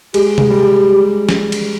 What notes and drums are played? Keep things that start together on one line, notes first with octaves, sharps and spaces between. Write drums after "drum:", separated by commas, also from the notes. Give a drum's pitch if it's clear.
G#3 G4, drum: cymbal
G#3, drum: tom C3
G3 G4
G#3
drum: snare
drum: cymbal